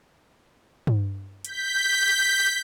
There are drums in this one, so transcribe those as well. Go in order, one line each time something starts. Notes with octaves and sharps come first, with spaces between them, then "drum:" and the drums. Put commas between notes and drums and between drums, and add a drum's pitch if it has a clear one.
drum: tom G2
G6 B6, drum: hi-hat